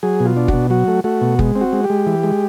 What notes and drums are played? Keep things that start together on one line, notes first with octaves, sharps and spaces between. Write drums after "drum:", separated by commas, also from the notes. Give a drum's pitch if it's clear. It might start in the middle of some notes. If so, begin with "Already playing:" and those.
F#3 G#4
B2
F4
D4
F#4, drum: kick
B2
F#3 F#4
A3
A3 F#4
B2
G#3, drum: kick
C4
F#4
G#3
G4
G#3
E3
G#3